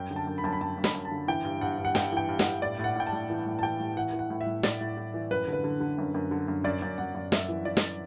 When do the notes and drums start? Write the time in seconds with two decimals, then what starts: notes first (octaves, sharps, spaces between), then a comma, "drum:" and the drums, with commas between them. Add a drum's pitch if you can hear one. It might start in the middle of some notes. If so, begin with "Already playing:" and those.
Already playing: F#2 G5
0.11 D3
0.16 A5
0.27 F#2
0.38 B5
0.44 F#2 A5
0.53 B5
0.61 F#2 A5
0.78 F#2
0.84 B5, drum: snare
0.95 F#2
1.05 A5
1.12 D3
1.28 E3 G5
1.44 G2
1.61 G2 F#5
1.79 G2
1.85 F#5
1.95 G2 G5, drum: snare
2.12 E3 G5
2.29 G2
2.39 F#5, drum: snare
2.45 G2
2.62 A2 D5
2.79 A2 F#5
2.96 A2 G5
3.07 A5
3.13 A2
3.30 E3
3.46 A2
3.59 A5
3.63 E3 G5
3.80 A2
3.97 E3 F#5
4.13 E3
4.19 F#5
4.30 A2
4.41 E5
4.46 A2
4.63 A2 D5, drum: snare
4.81 A2
4.97 A2
5.14 E3
5.30 F#2 B4
5.48 D3
5.53 B4
5.64 D3
5.80 D3
5.98 F#2
6.14 F#2
6.31 D3
6.48 F#2
6.64 F#2 D5
6.82 F#2
6.98 F#2 F#5
7.15 F#2
7.32 F#2 E5, drum: snare
7.49 E3
7.65 E3 D5
7.77 drum: snare